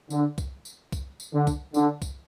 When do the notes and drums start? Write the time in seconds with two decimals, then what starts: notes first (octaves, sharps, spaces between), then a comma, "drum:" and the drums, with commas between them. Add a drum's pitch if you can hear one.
0.10 D3, drum: tambourine
0.38 drum: kick, tambourine
0.65 drum: tambourine
0.92 drum: kick, tambourine
1.20 drum: tambourine
1.34 D3
1.47 drum: kick, tambourine
1.74 D3, drum: tambourine
2.02 drum: kick, tambourine